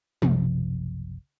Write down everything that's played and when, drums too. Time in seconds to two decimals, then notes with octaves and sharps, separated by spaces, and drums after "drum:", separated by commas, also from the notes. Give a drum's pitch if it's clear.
0.22 F#1 B1 C3 F3, drum: tom